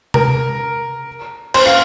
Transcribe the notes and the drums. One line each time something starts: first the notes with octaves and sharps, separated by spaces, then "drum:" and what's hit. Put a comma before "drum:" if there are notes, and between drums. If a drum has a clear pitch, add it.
A#4, drum: tom C3
C5, drum: cymbal
F5